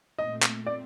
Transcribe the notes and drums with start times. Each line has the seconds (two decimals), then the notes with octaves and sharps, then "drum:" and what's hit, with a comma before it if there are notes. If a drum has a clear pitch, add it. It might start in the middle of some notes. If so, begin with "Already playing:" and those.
0.19 A#2 A3 C4 D#5
0.43 drum: clap
0.66 D5